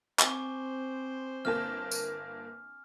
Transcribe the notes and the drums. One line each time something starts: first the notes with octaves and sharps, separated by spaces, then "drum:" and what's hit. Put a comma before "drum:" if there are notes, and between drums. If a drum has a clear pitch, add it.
C4 C5 G#5 C#6 D6, drum: clap
G1 A#3 A5 F6
drum: tambourine